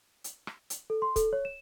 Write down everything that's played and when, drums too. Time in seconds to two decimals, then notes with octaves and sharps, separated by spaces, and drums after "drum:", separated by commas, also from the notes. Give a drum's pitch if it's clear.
0.24 drum: hi-hat
0.47 drum: rim click
0.70 drum: hi-hat
0.90 A4
1.02 C6
1.16 A4, drum: kick C#1, hi-hat
1.33 C#5
1.45 E7